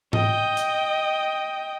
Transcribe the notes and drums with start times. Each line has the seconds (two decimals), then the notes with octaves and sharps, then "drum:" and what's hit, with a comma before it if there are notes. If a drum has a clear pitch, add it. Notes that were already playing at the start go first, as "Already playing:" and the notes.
0.13 D#5 G5, drum: tom G#2
0.57 drum: hi-hat